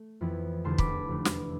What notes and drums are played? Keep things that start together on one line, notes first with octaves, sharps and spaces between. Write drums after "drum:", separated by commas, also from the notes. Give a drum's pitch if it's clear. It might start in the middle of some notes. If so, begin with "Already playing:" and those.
Already playing: A3 A4
F2 E3 B3 E4
F1 E2 D3 A3 A5 C6
B5 D6, drum: kick
F1 E2 D3 A3
drum: snare